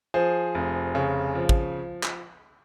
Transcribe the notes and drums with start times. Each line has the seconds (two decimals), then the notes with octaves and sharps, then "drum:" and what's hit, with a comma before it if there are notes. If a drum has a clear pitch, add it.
0.14 F3 G#4 C5
0.55 F1
0.95 C#3
1.35 F3
1.49 drum: kick
2.03 drum: clap